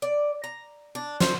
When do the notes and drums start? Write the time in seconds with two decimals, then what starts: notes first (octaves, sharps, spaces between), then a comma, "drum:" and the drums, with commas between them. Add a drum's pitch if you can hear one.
0.02 D5
0.44 A#5
0.95 D4
1.20 C5, drum: snare